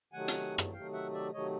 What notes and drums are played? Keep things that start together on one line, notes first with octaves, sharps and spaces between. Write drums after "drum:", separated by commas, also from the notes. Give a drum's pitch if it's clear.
C3 D#3 F#3 A3 F#5 G#5
drum: hi-hat
drum: rim click
C3 D#3 F#3 A3 F5 G5
E5 F#5
D5 E5
C3 D#3 F#3 A3 C#5 D#5